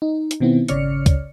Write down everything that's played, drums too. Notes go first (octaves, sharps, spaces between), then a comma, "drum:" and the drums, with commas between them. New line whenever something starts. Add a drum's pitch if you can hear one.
D#4
drum: hi-hat
B2 D#3 B3 C4 E4
G#1 C#3 C#5 D5 F6 C#7, drum: hi-hat
drum: kick C#2, hi-hat